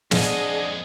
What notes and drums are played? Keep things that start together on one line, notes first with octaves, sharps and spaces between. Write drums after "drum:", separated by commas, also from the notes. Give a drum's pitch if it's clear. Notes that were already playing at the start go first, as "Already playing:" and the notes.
F2 G#3 D4 G#4 D#5 F#5, drum: snare